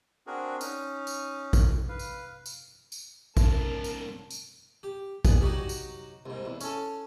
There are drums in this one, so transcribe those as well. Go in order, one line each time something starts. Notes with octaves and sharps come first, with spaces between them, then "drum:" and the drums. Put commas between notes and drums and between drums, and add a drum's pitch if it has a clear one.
C4 D4 F#4 G#4 A#4
C#4 D#4, drum: tambourine
drum: tambourine
drum: kick A#1, tambourine
B4 F5
drum: tambourine
drum: tambourine
drum: tambourine
G#2 C#3 A#4 A5, drum: kick A#1, tambourine
drum: tambourine
drum: tambourine
G4
G3 B3 G#4, drum: kick A#1, tambourine
F#3 D#4 F#4 G4
drum: tambourine
C2 G#2
E2
C#4 A4, drum: tambourine